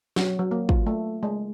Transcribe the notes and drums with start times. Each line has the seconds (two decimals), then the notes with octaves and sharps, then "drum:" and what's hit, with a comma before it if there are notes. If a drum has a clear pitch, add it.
0.16 F#3, drum: snare
0.39 F#3
0.51 A#3
0.69 F4, drum: kick
0.87 A3
1.23 G#3